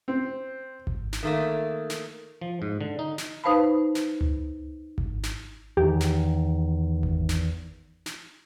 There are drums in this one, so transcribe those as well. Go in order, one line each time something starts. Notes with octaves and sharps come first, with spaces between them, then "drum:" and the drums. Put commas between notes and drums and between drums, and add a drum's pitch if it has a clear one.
C4
drum: kick G#1
drum: snare
D#3 A3 A#3
drum: snare
F3
G#2
D3
D#4
drum: snare
D#4 B4 C5 F5 A5 B5
drum: snare
drum: tom C#2
drum: kick G#1
drum: snare
E2 D#3 G4
drum: snare
drum: kick G#1
drum: snare
drum: snare